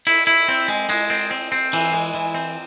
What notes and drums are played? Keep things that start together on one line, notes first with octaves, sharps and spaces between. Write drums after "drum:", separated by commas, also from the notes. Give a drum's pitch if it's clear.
E4, drum: cymbal
E4
C4
G#3
G#3, drum: cymbal
C4
C4
C4
E3, drum: cymbal
G#3
E3
C4